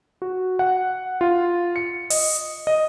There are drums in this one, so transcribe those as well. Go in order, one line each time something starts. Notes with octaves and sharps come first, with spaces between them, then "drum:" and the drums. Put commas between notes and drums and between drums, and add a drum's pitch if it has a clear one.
F#4
F#5
F4
C#7
D#5, drum: open hi-hat
D#5